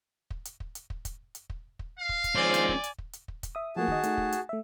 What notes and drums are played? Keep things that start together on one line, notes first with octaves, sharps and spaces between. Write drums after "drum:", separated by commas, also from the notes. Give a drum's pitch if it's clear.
drum: kick
drum: hi-hat
drum: kick
drum: hi-hat
drum: kick
drum: kick, hi-hat
drum: hi-hat
drum: kick
drum: kick
F5
drum: kick
drum: kick, hi-hat
D#3 F3 G#3 C4 C#4 D5 G#5
drum: hi-hat
drum: kick
drum: hi-hat
drum: kick
drum: hi-hat
drum: kick
drum: kick, hi-hat
E5 D#6
F3 A3 A#3 F#4 G#4 A5
D#3 D#5, drum: kick
A3 D#4, drum: hi-hat
drum: kick
drum: hi-hat
A3 E5